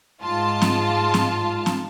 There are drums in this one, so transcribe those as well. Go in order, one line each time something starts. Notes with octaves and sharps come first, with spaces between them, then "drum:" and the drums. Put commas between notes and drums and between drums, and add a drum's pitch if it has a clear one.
G#2 F4 A5
drum: snare C4
drum: snare C4
drum: snare C4